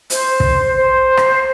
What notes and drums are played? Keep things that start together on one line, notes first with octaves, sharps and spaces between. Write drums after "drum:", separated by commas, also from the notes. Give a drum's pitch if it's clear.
C5, drum: hi-hat
drum: kick
C5
drum: rim click